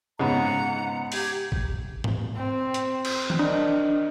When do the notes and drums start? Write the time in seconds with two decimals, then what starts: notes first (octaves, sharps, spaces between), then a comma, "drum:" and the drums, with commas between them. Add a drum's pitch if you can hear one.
0.19 G#2 C#3 B3 F#5 A#5
1.12 G4 G6 G#6, drum: open hi-hat
1.52 drum: kick
2.04 drum: tom G#2
2.37 C4
2.74 drum: hi-hat
3.05 drum: cymbal
3.30 drum: tom D#3
3.39 D#3 D4